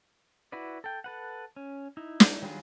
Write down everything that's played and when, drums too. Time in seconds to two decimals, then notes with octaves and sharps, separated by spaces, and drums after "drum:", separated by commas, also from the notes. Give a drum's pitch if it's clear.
0.52 E4 F#4 B4 D5
0.84 A4 G5
1.04 A4 B4 F#5
1.56 C#4
1.97 D#4 E4
2.20 drum: snare
2.42 D#3 F#3 G3 F4 G#4